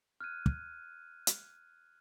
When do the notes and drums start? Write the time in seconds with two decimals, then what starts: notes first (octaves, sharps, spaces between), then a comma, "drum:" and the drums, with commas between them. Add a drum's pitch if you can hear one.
0.20 F6 F#6 G#6 D#7
0.46 drum: kick
1.27 drum: hi-hat